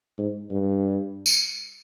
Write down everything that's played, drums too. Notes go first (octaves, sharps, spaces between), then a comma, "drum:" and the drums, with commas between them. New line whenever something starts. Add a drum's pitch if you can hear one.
G#2
G2
drum: tambourine